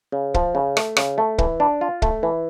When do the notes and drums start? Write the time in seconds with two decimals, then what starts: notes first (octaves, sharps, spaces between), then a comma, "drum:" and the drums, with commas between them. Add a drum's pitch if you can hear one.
0.12 C#3
0.34 F3, drum: kick
0.55 C#3
0.77 A3, drum: rim click
0.97 C#3, drum: rim click
1.18 A3
1.38 E3, drum: kick
1.60 D4
1.81 F4
2.02 A3, drum: kick
2.23 E3